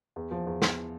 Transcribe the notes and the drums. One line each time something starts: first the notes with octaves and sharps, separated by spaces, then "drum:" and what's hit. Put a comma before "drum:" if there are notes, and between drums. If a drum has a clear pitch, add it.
E2
F3
E2
E2, drum: snare